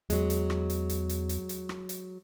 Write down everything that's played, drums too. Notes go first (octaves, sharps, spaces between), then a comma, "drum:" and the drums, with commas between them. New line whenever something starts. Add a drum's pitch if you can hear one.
E2 F#3 G#3, drum: hi-hat
drum: hi-hat
drum: rim click
drum: hi-hat
drum: hi-hat
drum: hi-hat
drum: hi-hat
drum: hi-hat
drum: rim click
drum: hi-hat